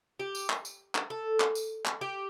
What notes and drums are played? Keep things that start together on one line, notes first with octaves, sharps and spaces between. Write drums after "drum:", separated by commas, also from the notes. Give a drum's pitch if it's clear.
G4
drum: tambourine
drum: clap
drum: tambourine
drum: clap
A4
drum: clap
drum: tambourine
drum: clap
G4